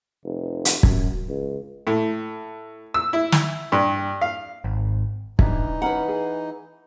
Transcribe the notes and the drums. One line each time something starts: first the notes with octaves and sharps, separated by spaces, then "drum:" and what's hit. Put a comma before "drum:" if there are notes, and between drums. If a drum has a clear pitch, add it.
F1
drum: hi-hat
F#2, drum: kick
C#2
A2
E6
E4
drum: snare
G2
F5
G#1
E3 D4 D#4 E5, drum: kick
C#4 B4 F#5 A#5
G#4